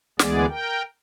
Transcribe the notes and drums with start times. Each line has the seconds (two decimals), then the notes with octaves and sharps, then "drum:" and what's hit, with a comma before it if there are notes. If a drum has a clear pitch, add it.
0.19 D2 E3 G#3 B3 G#4 D5, drum: snare
0.49 A#4 G5